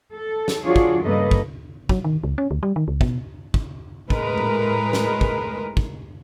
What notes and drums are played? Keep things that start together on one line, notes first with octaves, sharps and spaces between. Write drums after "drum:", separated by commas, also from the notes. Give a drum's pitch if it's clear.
A4
drum: snare
F3 D4 F4 F#4 G#4 C#5
drum: kick
G2 C#3 A#3 A4 B4 D#5
drum: kick
F#3, drum: kick
D#3
C#2
C#4
D2
G3
D#3
C#2
B2, drum: kick
drum: kick
A2 G#3 A#4 B4, drum: kick
drum: tom A#2
drum: snare
drum: kick
drum: kick